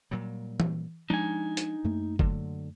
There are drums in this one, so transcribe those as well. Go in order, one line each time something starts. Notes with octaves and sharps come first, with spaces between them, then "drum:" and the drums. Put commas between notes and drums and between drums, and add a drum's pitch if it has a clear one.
A#2 F#3 G3
drum: tom E3
F3 G#3 D4 D#4 G#5
drum: hi-hat
F#2 A3 A#3
D3 F#3, drum: kick